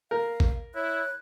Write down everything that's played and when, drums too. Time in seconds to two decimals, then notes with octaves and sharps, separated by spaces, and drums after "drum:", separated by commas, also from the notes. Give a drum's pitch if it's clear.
0.11 A#4 F5
0.40 drum: kick G#1
0.75 E4 C#5 F#6